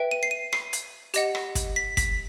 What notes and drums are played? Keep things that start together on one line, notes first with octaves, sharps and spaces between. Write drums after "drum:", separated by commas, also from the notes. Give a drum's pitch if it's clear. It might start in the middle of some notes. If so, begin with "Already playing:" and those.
Already playing: B4 E5 G5
D#7
C7
D#7
C7, drum: rim click
drum: hi-hat
G4 D#5 F#5, drum: hi-hat
drum: rim click
drum: kick, hi-hat
B6
B6, drum: kick, hi-hat